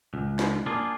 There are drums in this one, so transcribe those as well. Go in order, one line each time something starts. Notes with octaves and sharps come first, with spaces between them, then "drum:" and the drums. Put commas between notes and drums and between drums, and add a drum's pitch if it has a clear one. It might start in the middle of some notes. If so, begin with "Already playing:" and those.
C#2
drum: snare
A#3 D4 F4 G#4